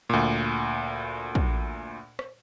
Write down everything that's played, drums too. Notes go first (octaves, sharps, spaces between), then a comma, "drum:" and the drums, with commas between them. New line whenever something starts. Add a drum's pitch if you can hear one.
D2 A#2
drum: kick
drum: rim click